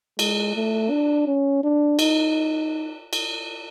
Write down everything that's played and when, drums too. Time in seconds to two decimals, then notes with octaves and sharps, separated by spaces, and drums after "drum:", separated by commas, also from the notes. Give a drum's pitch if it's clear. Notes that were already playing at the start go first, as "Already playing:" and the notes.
0.19 G#3, drum: cymbal
0.55 A3
0.91 D4
1.27 C#4
1.64 D4
1.99 D#4, drum: cymbal
3.13 drum: cymbal